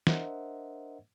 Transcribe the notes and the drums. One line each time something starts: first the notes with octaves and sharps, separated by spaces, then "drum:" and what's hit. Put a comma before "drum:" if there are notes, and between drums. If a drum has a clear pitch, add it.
D4 A#4 C5 D#5 E5 F#5, drum: snare